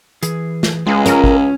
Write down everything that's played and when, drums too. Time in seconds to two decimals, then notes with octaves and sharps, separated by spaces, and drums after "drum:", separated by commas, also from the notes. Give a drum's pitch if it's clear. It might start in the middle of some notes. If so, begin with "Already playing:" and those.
0.23 E3 G#4, drum: hi-hat
0.63 drum: snare
0.87 C#2 G#3 F4 G#4 B4
1.06 C#4 A#4, drum: hi-hat
1.24 drum: kick G#1